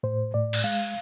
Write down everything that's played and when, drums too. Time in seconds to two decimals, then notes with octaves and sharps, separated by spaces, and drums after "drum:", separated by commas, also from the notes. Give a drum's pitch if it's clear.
0.03 A2 C5
0.34 A2 D5
0.53 drum: cymbal
0.64 G#3 F5